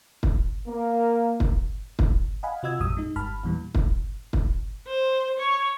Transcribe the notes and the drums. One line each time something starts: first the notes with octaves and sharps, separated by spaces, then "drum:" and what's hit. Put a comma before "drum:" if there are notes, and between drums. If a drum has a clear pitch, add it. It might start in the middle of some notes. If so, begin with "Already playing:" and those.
drum: kick
A#3
drum: kick
drum: kick
D#5 F5 F#5 G#5 B5
C3 F4 F#4 D#5 E6 G#6
A1 F2 A#2 G3 D#6 E6
G#3 D#4
G1 G2 A5 B5 F6
E2 A#2 E3 G3
drum: kick
drum: kick
C5
C#5